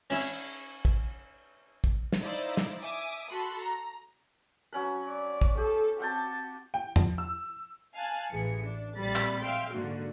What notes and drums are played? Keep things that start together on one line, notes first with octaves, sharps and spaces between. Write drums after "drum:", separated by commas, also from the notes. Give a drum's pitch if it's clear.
C#4 E4, drum: cymbal
drum: kick
drum: kick
drum: snare
D#4 E4 C5 D5 D#5 F5
drum: snare
E5 G#5 D6 D#6
F#4 A4 B5 C6
A#5
F#3 C#4 B4
D5
drum: kick
G4 A4
C4 F#4 G5 A5
G5
F3, drum: tom E2
E6
F5 G#5 A5 F#6
A1 E3 G#4 C#7
D4
A#1 C3 G3 B5 A6
drum: clap
E5 F5 G5 C6
G#2 D3 A#3 F#4